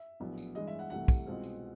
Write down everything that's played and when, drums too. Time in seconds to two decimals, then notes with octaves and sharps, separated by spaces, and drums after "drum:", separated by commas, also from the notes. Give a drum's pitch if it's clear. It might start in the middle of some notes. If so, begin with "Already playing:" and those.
Already playing: E5
0.20 A#1 A2 F#3 B3
0.38 drum: tambourine
0.55 G2 E3 G#3 D#5
0.67 E5
0.79 F#5
0.90 C2 C3 E3 A3 F#5
1.08 drum: kick, tambourine
1.26 C2 B2 G#3 C4 F4
1.44 drum: tambourine